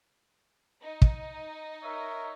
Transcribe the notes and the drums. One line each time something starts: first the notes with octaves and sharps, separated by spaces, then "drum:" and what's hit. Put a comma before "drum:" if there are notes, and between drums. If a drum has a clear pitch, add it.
D#4
drum: kick
A#4 C#5 E5